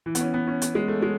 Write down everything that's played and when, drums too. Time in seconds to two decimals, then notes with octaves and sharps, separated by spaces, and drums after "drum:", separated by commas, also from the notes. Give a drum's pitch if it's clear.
0.06 E3
0.15 B3, drum: hi-hat
0.21 C#4
0.34 B3
0.48 C#4
0.62 B3, drum: hi-hat
0.75 G#3
0.88 A3
1.02 G#3